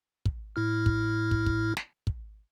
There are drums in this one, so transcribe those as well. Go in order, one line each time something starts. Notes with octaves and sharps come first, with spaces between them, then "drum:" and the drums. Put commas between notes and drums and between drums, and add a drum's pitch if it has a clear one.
drum: kick
A2 E4 F6
drum: kick
drum: kick
drum: kick
drum: snare
drum: kick